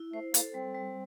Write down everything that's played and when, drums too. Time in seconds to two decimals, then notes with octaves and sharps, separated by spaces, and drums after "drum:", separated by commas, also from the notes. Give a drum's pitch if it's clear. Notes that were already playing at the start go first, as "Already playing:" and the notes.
Already playing: E4
0.13 A3 C5
0.34 A#3 A4, drum: hi-hat
0.54 G3 C4
0.75 G3